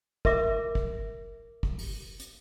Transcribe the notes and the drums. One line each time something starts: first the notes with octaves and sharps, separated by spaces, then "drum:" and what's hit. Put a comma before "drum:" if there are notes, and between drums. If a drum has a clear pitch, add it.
A#4 E5 D6, drum: kick
drum: kick
drum: kick
drum: open hi-hat
drum: hi-hat